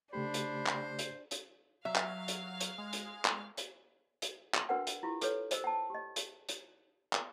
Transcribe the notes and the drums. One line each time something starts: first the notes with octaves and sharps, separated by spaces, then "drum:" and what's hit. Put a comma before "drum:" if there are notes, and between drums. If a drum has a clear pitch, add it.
C#3 A3 D4 G4 C5 B5
drum: hi-hat
drum: clap
drum: hi-hat
drum: hi-hat
F#3 E5 F5 F6
drum: clap
drum: hi-hat
drum: hi-hat
G#3
drum: hi-hat
drum: clap
drum: hi-hat
drum: hi-hat
drum: clap
D4 F#4 A#4 B4 F#5 G5
drum: hi-hat
E4 F4 G4
A4 B4 C#5, drum: hi-hat
C5 D#5 E6, drum: hi-hat
G5 A5
G4 D#5
drum: hi-hat
drum: hi-hat
drum: clap